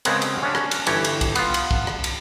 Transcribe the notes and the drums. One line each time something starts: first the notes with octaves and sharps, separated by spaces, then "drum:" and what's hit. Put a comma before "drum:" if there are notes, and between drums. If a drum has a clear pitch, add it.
C#3 G#3 B3 C4 G#4 A#4, drum: cymbal
drum: cymbal
C#4 D4
drum: rim click
drum: cymbal
G1 E3 G4 C#5, drum: cymbal
drum: cymbal
drum: kick, cymbal
B3 F4, drum: cymbal
drum: cymbal
drum: kick
drum: rim click
drum: cymbal